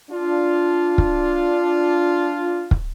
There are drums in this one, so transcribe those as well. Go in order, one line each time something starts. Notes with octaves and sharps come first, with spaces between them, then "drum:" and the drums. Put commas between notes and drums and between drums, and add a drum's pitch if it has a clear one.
D4 F4
drum: kick
drum: kick